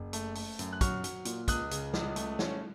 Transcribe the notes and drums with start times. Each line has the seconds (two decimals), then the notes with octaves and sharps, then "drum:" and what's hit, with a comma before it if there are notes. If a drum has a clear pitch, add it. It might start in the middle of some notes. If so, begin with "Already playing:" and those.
Already playing: F#1
0.13 A3, drum: hi-hat
0.35 A3, drum: open hi-hat
0.59 F#2, drum: hi-hat
0.73 F#6
0.81 F#3 C#6 F6, drum: kick, hi-hat
1.04 F#3, drum: hi-hat
1.25 A#2, drum: hi-hat
1.48 C#2 D#6 F#6, drum: kick, hi-hat
1.71 C#3, drum: hi-hat
1.94 C#2, drum: snare
2.16 A3, drum: hi-hat
2.39 C#4, drum: snare